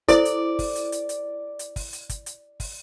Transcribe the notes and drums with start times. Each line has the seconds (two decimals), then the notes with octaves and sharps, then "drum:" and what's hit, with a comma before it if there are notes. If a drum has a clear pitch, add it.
0.09 E4 A4 C5 D5, drum: kick, hi-hat
0.25 drum: hi-hat
0.59 drum: kick, open hi-hat
0.76 drum: hi-hat
0.92 drum: hi-hat
1.09 drum: hi-hat
1.59 drum: hi-hat
1.76 drum: kick, open hi-hat
1.93 drum: hi-hat
2.09 drum: kick, hi-hat
2.26 drum: hi-hat
2.60 drum: kick, open hi-hat